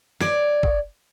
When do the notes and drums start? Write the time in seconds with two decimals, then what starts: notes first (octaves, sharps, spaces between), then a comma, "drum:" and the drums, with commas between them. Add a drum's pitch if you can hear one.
0.21 C#5 D5, drum: snare
0.63 drum: kick